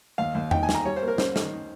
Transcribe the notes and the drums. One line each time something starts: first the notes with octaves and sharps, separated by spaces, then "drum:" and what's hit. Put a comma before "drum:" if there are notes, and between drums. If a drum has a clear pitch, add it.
D#2 F5
D#2
D#4 G5, drum: tom E2
G#5
D#4, drum: snare
A#5
G3 C#5
C5
A#3
A#4
C#4 C5, drum: snare
D#3, drum: snare